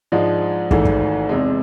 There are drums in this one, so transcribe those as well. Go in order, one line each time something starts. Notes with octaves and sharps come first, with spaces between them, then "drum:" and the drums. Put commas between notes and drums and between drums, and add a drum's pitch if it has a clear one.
G#2 F3 G#3 D4
G#1 G#2 E3 A3 E4, drum: kick
drum: kick
E1 E2 C3 G#3